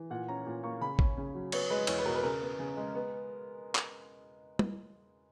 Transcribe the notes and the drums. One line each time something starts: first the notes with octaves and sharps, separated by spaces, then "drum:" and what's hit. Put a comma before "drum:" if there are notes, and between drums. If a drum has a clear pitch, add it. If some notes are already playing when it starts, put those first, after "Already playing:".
Already playing: E3
A#2 F#5
C#4 A#5
A#2
A#3 C#6
C#3 B5
C#4, drum: kick A1
C#3
F#3
B3 C#5, drum: cymbal
G#3 B4
E2 C#5, drum: cymbal
B4
B2 A#4
B4
C#3 A#4
B3
C#3
G#3
B3
drum: clap
drum: tom